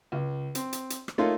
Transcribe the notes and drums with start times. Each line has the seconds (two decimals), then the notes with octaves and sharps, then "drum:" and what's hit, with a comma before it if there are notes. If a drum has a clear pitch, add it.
0.12 C#2
0.55 C4, drum: hi-hat
0.73 drum: hi-hat
0.90 drum: hi-hat
1.08 drum: rim click
1.18 A3 A#3 D#4 F4 C#5